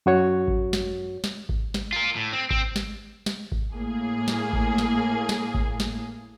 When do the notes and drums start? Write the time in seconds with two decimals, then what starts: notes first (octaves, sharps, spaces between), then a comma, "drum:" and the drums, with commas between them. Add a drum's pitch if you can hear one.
0.06 F#2 F#4 C#5
0.48 drum: kick G#1
0.73 drum: snare
1.24 drum: snare
1.49 drum: kick G#1
1.74 drum: snare
1.93 F4 A#4
2.16 A2
2.33 C4
2.50 C4, drum: kick G#1
2.76 drum: snare
3.26 drum: snare
3.52 drum: kick G#1
3.73 A2 A#3 G#4
4.28 drum: snare
4.53 drum: kick G#1
4.78 drum: snare
5.29 drum: snare
5.54 drum: kick G#1
5.80 drum: snare